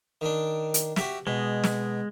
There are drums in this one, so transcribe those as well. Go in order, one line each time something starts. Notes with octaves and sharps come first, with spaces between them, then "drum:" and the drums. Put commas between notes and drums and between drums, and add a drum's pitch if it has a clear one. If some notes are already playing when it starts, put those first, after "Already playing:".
D#3 D4
drum: hi-hat
F#4 G4 E5, drum: snare
B2 G#3
drum: snare